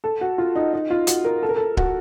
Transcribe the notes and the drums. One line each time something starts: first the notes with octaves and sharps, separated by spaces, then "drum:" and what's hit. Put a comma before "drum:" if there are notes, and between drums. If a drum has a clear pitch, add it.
A4
F#4
F4
D#4
D#4
F4
F#4, drum: hi-hat
A#4
A4
A#4
A4
F#4, drum: kick D1